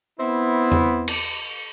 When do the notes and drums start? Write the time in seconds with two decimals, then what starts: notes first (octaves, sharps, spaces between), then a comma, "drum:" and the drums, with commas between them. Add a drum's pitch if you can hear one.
0.20 B3 C4 E4
0.72 drum: tom E2
1.08 drum: cymbal